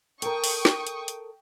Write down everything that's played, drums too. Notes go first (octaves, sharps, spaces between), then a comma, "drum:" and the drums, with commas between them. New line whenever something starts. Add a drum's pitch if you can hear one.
A4 A#4 G5 C#6 D#6, drum: hi-hat
drum: open hi-hat
drum: snare
drum: hi-hat
drum: hi-hat